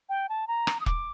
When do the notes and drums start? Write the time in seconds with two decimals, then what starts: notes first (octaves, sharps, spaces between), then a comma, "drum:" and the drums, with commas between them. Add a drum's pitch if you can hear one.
0.09 G5
0.29 A5
0.48 A#5
0.67 drum: rim click
0.80 D#6
0.86 D6, drum: kick E1